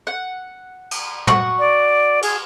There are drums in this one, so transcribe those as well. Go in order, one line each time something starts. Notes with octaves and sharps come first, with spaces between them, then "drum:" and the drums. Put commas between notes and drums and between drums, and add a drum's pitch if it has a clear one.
F#5
drum: cymbal
F#4 F#5 C#6, drum: tom
D5
G#4, drum: cymbal